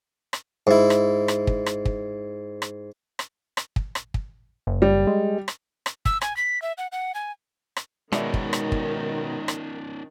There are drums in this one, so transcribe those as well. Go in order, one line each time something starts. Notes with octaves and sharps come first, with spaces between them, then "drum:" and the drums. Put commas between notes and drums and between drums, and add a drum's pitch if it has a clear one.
drum: rim click
G#2 E4
drum: rim click
drum: rim click
drum: kick
drum: rim click
drum: kick
drum: rim click
drum: rim click
drum: rim click
drum: kick
drum: rim click
drum: kick
F#1
G3
G#3
drum: rim click
drum: rim click
E6, drum: kick
G#5, drum: rim click
B6
E5
F#5
F#5
G#5
drum: rim click
B2 D#3 G#3 C#4 D#4 D5 E5, drum: rim click
drum: kick
drum: rim click
drum: kick
drum: rim click